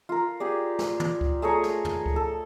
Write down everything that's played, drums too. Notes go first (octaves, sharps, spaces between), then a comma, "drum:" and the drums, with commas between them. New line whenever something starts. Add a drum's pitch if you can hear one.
F4 A#4
G4 G#4 D5
drum: snare
drum: tom
drum: kick C#2
A3 G#4 A#4 C#5
drum: snare
drum: tom
drum: kick C#2
A4